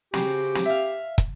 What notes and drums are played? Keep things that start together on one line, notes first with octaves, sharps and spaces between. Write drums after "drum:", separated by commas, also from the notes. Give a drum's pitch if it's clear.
C#3 C4 F#4 G4, drum: snare
drum: snare
E5 F5
drum: kick, hi-hat